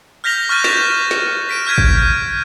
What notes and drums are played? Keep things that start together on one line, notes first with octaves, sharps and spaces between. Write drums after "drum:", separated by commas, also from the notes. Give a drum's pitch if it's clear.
F6 G6 A#6 B6 F7 G7
C#6 F6 F#6 A6 D#7
G6 A6 B6 E7 F7, drum: snare
drum: snare
B6 D7 D#7
F6 G6 G#6 B6 D#7
drum: kick